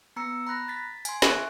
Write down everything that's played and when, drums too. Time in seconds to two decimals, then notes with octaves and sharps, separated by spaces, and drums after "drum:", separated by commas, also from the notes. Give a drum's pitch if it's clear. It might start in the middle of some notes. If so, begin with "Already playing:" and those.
0.16 B3 A#5 E6 C#7
0.47 A#5 B5 F#6 A#6
0.68 A6 B6
1.05 G#5 C6, drum: hi-hat
1.22 G#4 E5 C#6 F#6, drum: snare